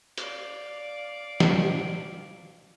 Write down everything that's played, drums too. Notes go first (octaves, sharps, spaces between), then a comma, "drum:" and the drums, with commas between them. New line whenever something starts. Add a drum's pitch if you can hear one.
D5 F5, drum: hi-hat
drum: snare